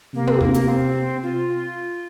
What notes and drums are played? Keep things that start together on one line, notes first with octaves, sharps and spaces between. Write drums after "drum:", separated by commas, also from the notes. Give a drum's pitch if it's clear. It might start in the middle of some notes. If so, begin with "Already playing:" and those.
C3 A#3
C4, drum: tom
A#3, drum: kick
A#3, drum: hi-hat
C4
F4